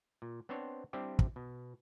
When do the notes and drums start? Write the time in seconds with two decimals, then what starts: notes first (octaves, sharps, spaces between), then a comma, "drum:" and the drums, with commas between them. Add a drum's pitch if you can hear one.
0.22 A#2
0.49 B3 C4 D4 C5 C#5
0.93 G3 C4 D4 E4 G4
1.19 drum: kick
1.36 B2